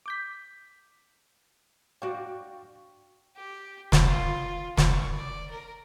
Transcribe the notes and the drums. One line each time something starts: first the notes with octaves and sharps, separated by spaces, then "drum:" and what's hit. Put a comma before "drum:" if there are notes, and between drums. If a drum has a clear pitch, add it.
D6 G6 B6
F#4 D5 F5 G5 C#6
G4
drum: snare
F4
C#6, drum: snare
D5
A#4